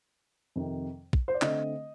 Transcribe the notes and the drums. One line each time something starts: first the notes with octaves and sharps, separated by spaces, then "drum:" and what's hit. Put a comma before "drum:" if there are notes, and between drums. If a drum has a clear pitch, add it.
F2 C3 D#3
drum: kick
C5
D5
D3 A3 C4 D#5, drum: clap